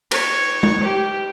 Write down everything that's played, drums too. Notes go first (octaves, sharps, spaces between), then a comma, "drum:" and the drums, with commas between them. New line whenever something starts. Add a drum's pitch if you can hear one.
C#5, drum: cymbal
drum: tom
G4